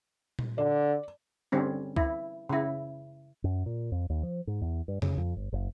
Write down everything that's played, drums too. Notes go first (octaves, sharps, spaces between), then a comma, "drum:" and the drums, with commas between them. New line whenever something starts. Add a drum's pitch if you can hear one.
drum: tom A#2
D3 D5
D3 G3 C4 C#4
E4, drum: kick C#2
C#3 E4
F#2
A#2
F2
D#2
F3
G#2
E2
G2
C#3, drum: tom
F2
G1
F#1